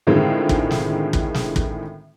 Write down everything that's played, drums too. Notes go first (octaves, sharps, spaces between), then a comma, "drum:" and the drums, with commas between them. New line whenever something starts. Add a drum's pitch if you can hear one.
A2 D3 D#3 G#3 C4 F4
drum: kick
drum: snare
drum: kick
drum: snare
drum: kick